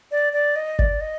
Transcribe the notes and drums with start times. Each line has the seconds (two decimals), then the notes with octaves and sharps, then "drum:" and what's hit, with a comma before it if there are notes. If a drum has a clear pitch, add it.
0.11 D5
0.33 D5
0.56 D#5
0.79 D5, drum: kick G#1
1.01 D#5